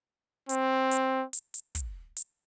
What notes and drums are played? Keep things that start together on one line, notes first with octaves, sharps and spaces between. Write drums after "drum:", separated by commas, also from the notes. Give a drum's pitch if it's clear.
C4, drum: hi-hat
drum: hi-hat
drum: hi-hat
drum: hi-hat
drum: kick, hi-hat
drum: hi-hat